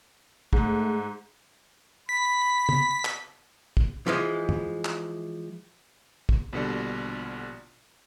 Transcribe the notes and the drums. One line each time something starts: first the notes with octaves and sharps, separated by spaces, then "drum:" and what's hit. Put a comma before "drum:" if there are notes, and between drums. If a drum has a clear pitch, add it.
G#2 A3, drum: kick
B5 B6
drum: tom
drum: clap
drum: kick
E3 F3 G#3
drum: tom
drum: clap
drum: kick
A#1 B2 D3 G3